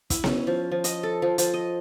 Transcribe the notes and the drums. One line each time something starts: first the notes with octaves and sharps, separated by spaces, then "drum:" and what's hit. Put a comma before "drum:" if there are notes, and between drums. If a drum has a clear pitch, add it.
E4, drum: kick, hi-hat
C#4, drum: snare B3
F3
F3
D#5, drum: hi-hat
A4
F3
F3, drum: hi-hat
D#5